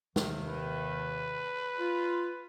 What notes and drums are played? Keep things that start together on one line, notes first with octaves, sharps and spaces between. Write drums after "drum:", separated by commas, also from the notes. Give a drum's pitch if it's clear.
D#2 C3 D#3, drum: snare
B4
F4